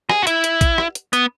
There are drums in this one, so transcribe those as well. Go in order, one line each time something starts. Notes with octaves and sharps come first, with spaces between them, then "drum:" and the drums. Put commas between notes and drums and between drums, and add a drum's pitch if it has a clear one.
G#4, drum: rim click
F#4
E4, drum: hi-hat
drum: hi-hat
drum: kick, hi-hat
drum: rim click
drum: hi-hat
B3, drum: hi-hat